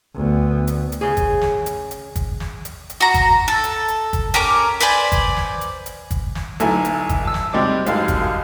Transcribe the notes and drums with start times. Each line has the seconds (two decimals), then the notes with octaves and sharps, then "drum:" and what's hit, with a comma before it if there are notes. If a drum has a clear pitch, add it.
0.14 D2 B3
0.67 drum: hi-hat
0.92 drum: hi-hat
1.01 C#3 G#4
1.17 drum: kick, hi-hat
1.41 drum: snare
1.66 drum: hi-hat
1.91 drum: hi-hat
2.16 drum: kick, hi-hat
2.40 drum: snare
2.65 drum: hi-hat
2.90 drum: hi-hat
3.00 F#4 A#5
3.14 drum: kick, hi-hat
3.48 A4
3.64 drum: hi-hat
3.88 drum: hi-hat
4.13 drum: kick, hi-hat
4.34 C#4 G4 A#4 D6
4.80 B4 C5 D5 G#5
5.12 drum: kick, hi-hat
5.36 drum: snare
5.61 drum: hi-hat
5.86 drum: hi-hat
6.11 drum: kick, hi-hat
6.35 drum: snare
6.60 B1 D3 A3 E4 G#5 A#5, drum: hi-hat
6.85 drum: hi-hat
7.09 drum: kick, hi-hat
7.25 A5 E6
7.34 drum: snare
7.53 C3 G3 G#3 D#4 D6
7.86 A1 F#2 D#3 G3 G#3 F5, drum: hi-hat
8.08 drum: kick, hi-hat